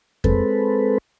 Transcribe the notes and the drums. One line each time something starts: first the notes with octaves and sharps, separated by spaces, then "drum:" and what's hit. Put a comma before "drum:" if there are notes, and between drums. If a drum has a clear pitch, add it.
G#3 C4 A4 B4, drum: kick F2